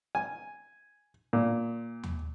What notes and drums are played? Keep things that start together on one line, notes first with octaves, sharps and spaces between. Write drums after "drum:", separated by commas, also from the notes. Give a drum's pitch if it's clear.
G#5
A#2
drum: tom